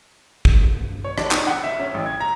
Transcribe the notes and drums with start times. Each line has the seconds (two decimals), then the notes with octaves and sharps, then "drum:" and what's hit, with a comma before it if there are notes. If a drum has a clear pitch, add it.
0.45 drum: kick
1.04 C#5
1.18 D4, drum: rim click
1.31 D#4, drum: clap
1.47 F#5
1.64 E5
1.79 C#4
1.94 A1
2.06 G#6
2.20 A#5